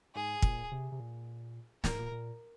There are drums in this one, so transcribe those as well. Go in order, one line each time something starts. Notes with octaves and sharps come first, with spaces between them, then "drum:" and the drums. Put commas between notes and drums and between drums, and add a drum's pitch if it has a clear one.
G#2 G#4
A#2, drum: kick
C3
C3
A#2
A#2 A#4, drum: snare
G#2
A#2
A#2